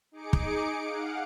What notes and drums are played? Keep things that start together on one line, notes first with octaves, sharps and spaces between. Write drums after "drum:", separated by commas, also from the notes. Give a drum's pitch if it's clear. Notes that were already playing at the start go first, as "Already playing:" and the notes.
D#4 G#4 D6 C#7 D7
drum: kick
F5 F#5